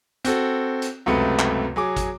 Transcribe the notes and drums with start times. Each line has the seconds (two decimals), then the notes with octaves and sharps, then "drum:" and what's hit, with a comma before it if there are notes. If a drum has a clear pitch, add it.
0.25 C4 F#4 A4, drum: hi-hat
0.82 drum: hi-hat
1.06 C#2 F#2 C3 A3 B4 C#7
1.39 drum: clap
1.76 F#3 G#4 D6
1.97 drum: kick, hi-hat